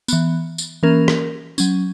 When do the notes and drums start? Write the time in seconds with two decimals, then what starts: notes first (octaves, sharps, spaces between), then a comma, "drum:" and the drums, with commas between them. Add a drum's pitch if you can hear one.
0.08 E3 B3, drum: tambourine
0.58 drum: tambourine
0.83 E3 A#3 C#4 A#4
1.08 drum: rim click
1.58 F#3 C#4, drum: tambourine